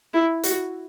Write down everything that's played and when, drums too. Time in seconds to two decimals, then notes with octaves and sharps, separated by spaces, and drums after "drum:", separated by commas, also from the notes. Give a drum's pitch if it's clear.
0.13 E4
0.43 F#4, drum: hi-hat